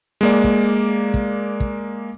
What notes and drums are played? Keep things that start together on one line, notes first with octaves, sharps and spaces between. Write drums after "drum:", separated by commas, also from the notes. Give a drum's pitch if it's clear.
G#3 A#3 D5
drum: kick
drum: kick
drum: kick